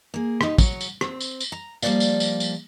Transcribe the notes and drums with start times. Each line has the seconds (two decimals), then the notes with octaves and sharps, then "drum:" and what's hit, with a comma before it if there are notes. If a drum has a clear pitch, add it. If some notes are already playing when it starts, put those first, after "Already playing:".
0.14 A#3 G#4
0.41 D#4 G4, drum: rim click
0.58 F#3 C#5, drum: kick, tambourine
0.81 drum: tambourine
1.01 C4, drum: rim click
1.20 drum: tambourine
1.40 drum: tambourine
1.52 A#5
1.82 F3 G3 A#3 C5 D5 F5, drum: tambourine
2.00 drum: tambourine
2.20 drum: tambourine
2.40 drum: tambourine